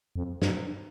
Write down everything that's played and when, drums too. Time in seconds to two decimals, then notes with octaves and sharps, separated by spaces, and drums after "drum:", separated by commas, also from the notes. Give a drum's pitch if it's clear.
0.16 F2
0.42 G2, drum: snare